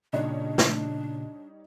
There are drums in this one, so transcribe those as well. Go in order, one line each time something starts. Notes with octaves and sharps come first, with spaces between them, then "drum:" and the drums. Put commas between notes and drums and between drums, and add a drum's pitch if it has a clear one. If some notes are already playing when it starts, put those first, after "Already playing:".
A#2 C#3 G3 D4 D#4 C#5
drum: snare